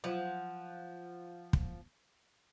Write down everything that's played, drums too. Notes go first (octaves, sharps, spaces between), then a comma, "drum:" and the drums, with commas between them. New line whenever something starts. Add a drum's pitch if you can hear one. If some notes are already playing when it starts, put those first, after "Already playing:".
F3 F#3 F4 C5 F#5
drum: kick